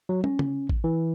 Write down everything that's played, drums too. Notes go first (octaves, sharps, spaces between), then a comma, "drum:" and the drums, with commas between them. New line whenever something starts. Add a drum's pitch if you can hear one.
F#3
C#4, drum: tom
drum: tom C#3
drum: kick A1
E3